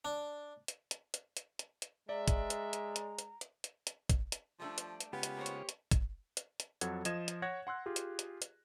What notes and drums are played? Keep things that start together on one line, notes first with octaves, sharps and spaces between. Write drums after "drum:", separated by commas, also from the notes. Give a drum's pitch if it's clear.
D4
drum: hi-hat
drum: hi-hat
drum: hi-hat
drum: hi-hat
drum: hi-hat
drum: hi-hat
G#3 D5 E5 A#5
drum: kick, hi-hat
drum: hi-hat
drum: hi-hat
drum: hi-hat
drum: hi-hat
drum: hi-hat
drum: hi-hat
drum: hi-hat
drum: kick, hi-hat
drum: hi-hat
F3 G3 A3 D4
drum: hi-hat
drum: hi-hat
C#3 G#3 B3 F4 G4
drum: hi-hat
A#3 C5 C#5
drum: hi-hat
drum: hi-hat
drum: kick, hi-hat
drum: hi-hat
drum: hi-hat
F2 F#3 A4 F#5 G#6, drum: hi-hat
F3 D#5 G#6 E7, drum: hi-hat
drum: hi-hat
C#5 F#5 F#6 G#6 A#6
F#5 C6 E6 F#6
F4 G4 G#4
drum: hi-hat
drum: hi-hat
drum: hi-hat